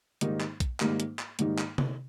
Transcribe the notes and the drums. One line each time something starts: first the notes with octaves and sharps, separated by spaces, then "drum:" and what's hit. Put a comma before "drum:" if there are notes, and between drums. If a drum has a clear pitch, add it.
G#2 D#3 G3 A#3 D#4, drum: hi-hat
drum: clap
drum: kick B1, hi-hat
G#2 D#3 G3 A#3 D#4, drum: clap
drum: hi-hat
drum: clap
G#2 D#3 G3 A#3 D#4, drum: hi-hat
drum: clap
drum: tom C3